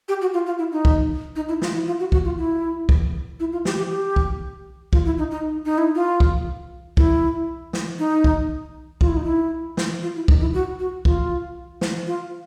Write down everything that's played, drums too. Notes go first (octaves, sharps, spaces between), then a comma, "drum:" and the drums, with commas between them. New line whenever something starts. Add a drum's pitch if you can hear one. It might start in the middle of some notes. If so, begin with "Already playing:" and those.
G4
F#4
F4
F4
E4
D#4
drum: kick
D#4
E4
F4, drum: snare
E4
F4
F#4
F#4, drum: kick
F4
E4
drum: kick
E4
F4
G4, drum: snare
G4
G4
drum: kick
F4, drum: kick
E4
D#4
D#4
D#4
E4
F4
drum: kick
E4, drum: kick
drum: snare
D#4
drum: kick
F4, drum: kick
E4
D#4
E4
drum: snare
F4
E4
D#4, drum: kick
E4
F#4
F#4
F4, drum: kick
drum: snare
F4